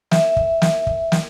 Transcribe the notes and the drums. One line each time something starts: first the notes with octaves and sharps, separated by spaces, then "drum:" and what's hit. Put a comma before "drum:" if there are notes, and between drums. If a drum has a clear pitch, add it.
E5, drum: snare
drum: kick
drum: snare
drum: kick
drum: snare